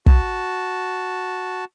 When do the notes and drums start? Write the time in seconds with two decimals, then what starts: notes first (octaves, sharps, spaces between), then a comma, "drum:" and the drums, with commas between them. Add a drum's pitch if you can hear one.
0.06 F#4 A5, drum: kick